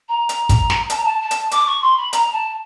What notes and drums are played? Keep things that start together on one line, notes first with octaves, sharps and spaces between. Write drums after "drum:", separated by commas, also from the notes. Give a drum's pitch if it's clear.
A#5
drum: hi-hat
drum: kick, hi-hat
drum: snare
A5, drum: hi-hat
A#5
A5
A5
drum: hi-hat
D6, drum: hi-hat
C#6
C6
B5
A#5, drum: hi-hat
A5